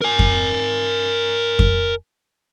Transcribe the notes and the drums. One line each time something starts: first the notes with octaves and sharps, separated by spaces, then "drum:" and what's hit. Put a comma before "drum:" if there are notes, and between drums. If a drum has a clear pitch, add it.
A#4 G#5
drum: kick F2
drum: kick F2